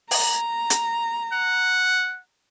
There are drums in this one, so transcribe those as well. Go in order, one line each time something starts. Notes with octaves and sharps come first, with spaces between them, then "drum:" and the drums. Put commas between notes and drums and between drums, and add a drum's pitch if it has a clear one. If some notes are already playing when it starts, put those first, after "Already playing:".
A#5, drum: open hi-hat
drum: hi-hat
F#5